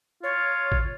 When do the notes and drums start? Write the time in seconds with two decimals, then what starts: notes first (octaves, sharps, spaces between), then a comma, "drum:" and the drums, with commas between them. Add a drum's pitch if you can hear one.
0.23 F4 C#5
0.72 drum: kick G#1